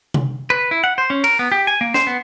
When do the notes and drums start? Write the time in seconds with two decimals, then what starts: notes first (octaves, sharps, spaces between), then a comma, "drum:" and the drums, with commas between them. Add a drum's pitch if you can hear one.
0.14 drum: tom C3
0.50 B4
0.71 E4
0.84 F#5
0.98 C5
1.10 C#4
1.24 A#4, drum: cymbal
1.39 B3
1.52 G4
1.67 G#5
1.81 A#3
1.94 C5, drum: snare
2.07 B3